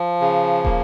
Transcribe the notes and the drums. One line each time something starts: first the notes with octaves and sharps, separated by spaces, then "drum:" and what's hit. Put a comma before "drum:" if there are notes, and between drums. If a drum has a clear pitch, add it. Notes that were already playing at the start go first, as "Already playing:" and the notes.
Already playing: F3
C#3
A#3, drum: kick